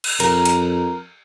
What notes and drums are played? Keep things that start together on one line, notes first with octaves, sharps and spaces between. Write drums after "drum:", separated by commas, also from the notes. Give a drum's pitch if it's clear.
drum: cymbal
F2 A#4, drum: hi-hat
drum: hi-hat